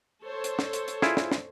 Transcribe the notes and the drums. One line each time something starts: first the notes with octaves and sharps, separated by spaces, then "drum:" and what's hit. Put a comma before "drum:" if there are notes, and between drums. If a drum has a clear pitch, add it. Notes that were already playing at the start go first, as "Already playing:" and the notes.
A4 C5 C#5
drum: hi-hat
drum: snare
drum: hi-hat
drum: hi-hat
E4 F4 G#4, drum: snare
drum: snare
drum: snare